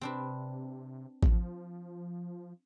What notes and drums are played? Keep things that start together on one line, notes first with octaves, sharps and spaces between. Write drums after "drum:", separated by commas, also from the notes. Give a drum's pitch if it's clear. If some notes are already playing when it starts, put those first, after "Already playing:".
C3 C4 D4 B4
F3, drum: kick A1